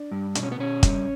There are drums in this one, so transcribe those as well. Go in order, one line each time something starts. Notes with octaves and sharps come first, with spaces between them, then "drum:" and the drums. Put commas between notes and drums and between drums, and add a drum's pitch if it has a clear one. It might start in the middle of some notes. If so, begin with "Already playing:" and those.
Already playing: D4
G2
B2 D4, drum: hi-hat
C#4
B3
B2 C#4
G2, drum: kick, hi-hat